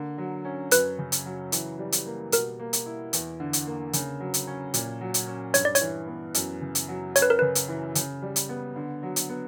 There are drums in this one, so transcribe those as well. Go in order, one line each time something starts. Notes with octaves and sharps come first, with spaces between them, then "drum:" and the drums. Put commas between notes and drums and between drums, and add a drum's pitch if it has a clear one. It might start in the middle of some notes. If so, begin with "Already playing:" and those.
Already playing: D3 A#3
F#3
C#4
F#2 B4, drum: hi-hat
C#3
drum: hi-hat
F#3
E3, drum: hi-hat
G3
drum: hi-hat
A#3
B2 A#4, drum: hi-hat
A#3
drum: hi-hat
E4
E2, drum: hi-hat
D3
drum: hi-hat
A#3
C#3, drum: hi-hat
F#3
drum: hi-hat
C#4
A#2, drum: hi-hat
F#3
drum: hi-hat
C#4
G2 C#5, drum: hi-hat
D5
C#5, drum: hi-hat
E3
B3
F#2, drum: hi-hat
C#3
drum: hi-hat
F#3
F#2 C#5, drum: hi-hat
B4
A#4
C#3 B4
drum: hi-hat
E3
C#3, drum: hi-hat
G3
drum: hi-hat
B3
D3
F#3
drum: hi-hat
B3